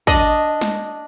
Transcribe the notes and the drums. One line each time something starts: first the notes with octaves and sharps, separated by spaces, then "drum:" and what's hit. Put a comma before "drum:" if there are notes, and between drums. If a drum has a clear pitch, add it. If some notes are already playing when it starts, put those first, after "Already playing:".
D4 D#5, drum: kick
drum: snare